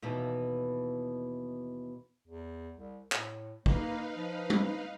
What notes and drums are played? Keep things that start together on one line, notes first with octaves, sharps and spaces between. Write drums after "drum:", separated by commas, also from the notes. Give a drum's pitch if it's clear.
D#2 B2 E3
E2
C2
A2, drum: clap
A#3 D#4 B4 F5, drum: kick
F3
drum: tom G3